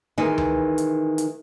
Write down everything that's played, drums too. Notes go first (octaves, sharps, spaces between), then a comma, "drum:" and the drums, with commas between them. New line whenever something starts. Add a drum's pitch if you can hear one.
D#3 E3 G#3 D#4
drum: tom C#2
drum: hi-hat
drum: hi-hat